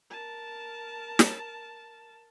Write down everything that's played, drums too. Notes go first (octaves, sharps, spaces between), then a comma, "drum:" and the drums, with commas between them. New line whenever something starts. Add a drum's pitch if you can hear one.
A#4 A5
drum: snare